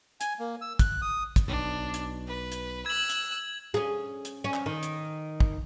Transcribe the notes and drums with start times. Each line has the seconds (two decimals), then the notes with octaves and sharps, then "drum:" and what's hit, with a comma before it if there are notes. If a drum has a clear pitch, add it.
0.21 G#5, drum: hi-hat
0.39 A#3
0.61 E6
0.79 F#6, drum: kick, hi-hat
1.02 D#6
1.36 drum: kick, hi-hat
1.48 B1 D4
1.94 drum: hi-hat
2.27 B4
2.52 drum: hi-hat
2.86 E6 F#6 G#6 F#7
3.09 drum: hi-hat
3.74 C#4 G#4
4.25 drum: hi-hat
4.44 C#4
4.54 drum: clap
4.66 D#3
4.83 drum: hi-hat
5.40 drum: kick